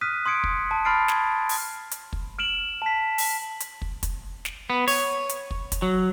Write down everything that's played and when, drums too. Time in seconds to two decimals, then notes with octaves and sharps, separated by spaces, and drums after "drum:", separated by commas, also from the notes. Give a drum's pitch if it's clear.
0.01 D#6 F6 F#6 B6 D#7
0.26 C6 D#6 G#6 C#7 D7
0.44 drum: kick
0.71 A5
0.85 B5 C6 F6 A6 C7 D7
1.08 G#6, drum: snare
1.49 drum: open hi-hat
1.91 drum: hi-hat
2.13 drum: kick
2.39 F6 D7 E7 F#7
2.82 A5 B6
3.18 drum: open hi-hat
3.60 drum: hi-hat
3.82 drum: kick
4.03 drum: kick, hi-hat
4.45 drum: snare
4.70 B3
4.88 C#5, drum: open hi-hat
5.29 drum: hi-hat
5.51 drum: kick
5.72 drum: kick, hi-hat
5.82 F#3